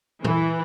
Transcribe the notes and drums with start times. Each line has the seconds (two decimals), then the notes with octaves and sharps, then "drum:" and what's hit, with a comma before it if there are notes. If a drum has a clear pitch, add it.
0.25 E3, drum: tom